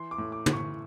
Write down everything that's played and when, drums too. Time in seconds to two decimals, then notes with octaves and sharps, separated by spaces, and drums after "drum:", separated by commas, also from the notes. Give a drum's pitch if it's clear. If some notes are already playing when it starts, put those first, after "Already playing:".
Already playing: E3 C6
0.11 D6
0.18 A2
0.32 D6
0.46 E3, drum: tom
0.53 C#6